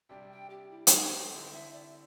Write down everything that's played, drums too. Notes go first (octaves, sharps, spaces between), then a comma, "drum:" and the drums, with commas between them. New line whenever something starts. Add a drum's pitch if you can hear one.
C3 G3 D4 G5
G5
G4
E4
G4, drum: hi-hat
G4
A4
D3 C4 E4
G5
E5
D5